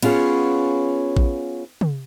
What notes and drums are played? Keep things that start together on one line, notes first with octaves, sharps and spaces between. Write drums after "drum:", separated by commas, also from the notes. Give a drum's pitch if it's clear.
B3 C#4 F4 G#4 C#5, drum: cymbal
drum: kick A1
drum: tom